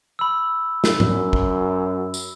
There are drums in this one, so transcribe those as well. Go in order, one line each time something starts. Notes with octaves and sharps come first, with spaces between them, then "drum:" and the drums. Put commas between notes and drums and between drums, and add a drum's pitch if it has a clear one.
B5 E6
drum: snare
F#2, drum: tom G#2
drum: kick
drum: tambourine